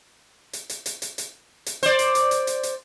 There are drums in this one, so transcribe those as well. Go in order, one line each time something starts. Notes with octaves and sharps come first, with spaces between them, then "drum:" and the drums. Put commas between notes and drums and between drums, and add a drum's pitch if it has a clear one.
drum: hi-hat
drum: hi-hat
drum: hi-hat
drum: hi-hat
drum: hi-hat
drum: hi-hat
C5 D5, drum: hi-hat
drum: hi-hat
drum: hi-hat
drum: hi-hat
drum: hi-hat
drum: hi-hat